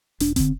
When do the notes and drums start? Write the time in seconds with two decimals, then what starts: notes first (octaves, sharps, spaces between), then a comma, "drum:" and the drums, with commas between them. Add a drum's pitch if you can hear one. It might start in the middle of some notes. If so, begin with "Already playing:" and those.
0.20 E1 D4, drum: hi-hat
0.36 D3 C4, drum: kick F1, hi-hat